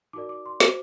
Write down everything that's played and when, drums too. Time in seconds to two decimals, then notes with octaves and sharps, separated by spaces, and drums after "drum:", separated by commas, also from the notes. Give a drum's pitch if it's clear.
0.13 D#4 F#4 A#4 D5 D6
0.29 D6
0.46 C6
0.60 F#4 C5 D6, drum: snare